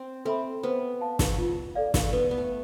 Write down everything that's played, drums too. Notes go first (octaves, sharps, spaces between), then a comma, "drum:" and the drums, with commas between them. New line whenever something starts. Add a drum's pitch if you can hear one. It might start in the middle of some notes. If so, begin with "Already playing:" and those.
Already playing: C4
C4 A4 E5 B5
B3 C5
F5 A5
drum: snare
F4
A4 D5 F5
drum: snare
B3 B4
B3
A3